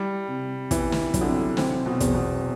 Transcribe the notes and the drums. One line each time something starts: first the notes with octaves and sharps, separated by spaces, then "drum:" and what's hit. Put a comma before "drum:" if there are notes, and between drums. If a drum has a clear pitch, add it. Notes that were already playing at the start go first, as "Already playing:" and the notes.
Already playing: G3 E4
C3
E3 B3, drum: kick, hi-hat
drum: snare
F#3, drum: kick, hi-hat
D3
C3
C3 C4, drum: snare
B2
E2, drum: kick, hi-hat
B2